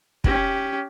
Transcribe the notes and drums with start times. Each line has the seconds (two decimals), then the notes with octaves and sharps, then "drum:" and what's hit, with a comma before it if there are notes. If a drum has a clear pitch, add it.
0.24 C#4 G4, drum: kick